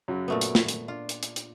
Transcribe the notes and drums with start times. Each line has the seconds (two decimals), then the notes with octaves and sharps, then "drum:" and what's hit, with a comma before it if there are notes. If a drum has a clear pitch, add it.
0.08 F#2 C#3 F#3
0.28 A#2 A3 B3
0.41 drum: hi-hat
0.55 drum: snare
0.68 drum: hi-hat
0.88 D4 F4
1.09 drum: hi-hat
1.23 drum: hi-hat
1.36 drum: hi-hat